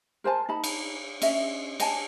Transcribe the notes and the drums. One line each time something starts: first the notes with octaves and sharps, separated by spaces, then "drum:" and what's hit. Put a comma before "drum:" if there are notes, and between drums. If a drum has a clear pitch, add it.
A#4 C5 G#5 A5
D#4 A5 B5
drum: cymbal
C#4 D#5 E5, drum: cymbal
D#5 G#5 A5, drum: cymbal